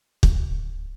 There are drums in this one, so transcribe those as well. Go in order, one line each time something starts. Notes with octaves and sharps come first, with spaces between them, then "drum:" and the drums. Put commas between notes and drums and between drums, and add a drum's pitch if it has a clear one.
D1, drum: kick